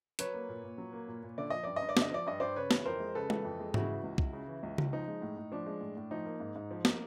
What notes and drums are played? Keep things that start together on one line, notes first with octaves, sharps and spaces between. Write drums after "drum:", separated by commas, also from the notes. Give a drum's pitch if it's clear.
F#3 B4 C#5, drum: hi-hat
A#3
A#2
A#2
F#3
A#3
A#2
A#2
D3 D5
F3 D#5
G2 D5
D#5
G2
D5
D3, drum: snare
D#5
F3 D5
G2 D#5
G2 C5 D5
C#3 B4 C#5
E3, drum: snare
F2 A#4 C5
G#3
C#3 A4 B4
E3, drum: tom
F2
G#3
C#3 E4 F#4, drum: tom G#2
E3
C#2
C#2, drum: kick
C#3
E3
C#2
C#2, drum: tom C#3
F3 D#4
G#3
A2
A2
F3 D4
G#3
A2
A2
F3 D#4
A#3
G#2
G#2
F3
A#3, drum: snare